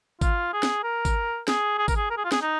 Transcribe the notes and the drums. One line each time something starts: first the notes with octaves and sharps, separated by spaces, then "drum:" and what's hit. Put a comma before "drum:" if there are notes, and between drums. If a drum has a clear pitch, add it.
F4, drum: kick G#1, tambourine
G#4
drum: snare
A#4
drum: kick G#1, tambourine
G#4, drum: snare
G#4
A#4, drum: kick G#1, tambourine
G#4
A#4
G#4
F4
G#4, drum: snare
D#4